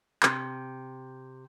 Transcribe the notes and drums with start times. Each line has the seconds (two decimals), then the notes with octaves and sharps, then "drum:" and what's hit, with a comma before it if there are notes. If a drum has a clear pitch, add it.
0.23 C3, drum: clap